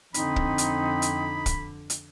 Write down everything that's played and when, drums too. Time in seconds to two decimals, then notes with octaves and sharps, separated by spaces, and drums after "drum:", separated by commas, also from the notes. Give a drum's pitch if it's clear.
0.14 F2 D3 C4 D#4 B5, drum: hi-hat
0.36 drum: kick
0.58 drum: hi-hat
1.02 drum: hi-hat
1.46 drum: kick, hi-hat
1.90 drum: hi-hat